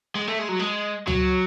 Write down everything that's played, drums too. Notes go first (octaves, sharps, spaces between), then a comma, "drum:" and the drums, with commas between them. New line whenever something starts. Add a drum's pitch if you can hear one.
G#3
A3
G#3
F#3
G#3
F#3, drum: tom C#2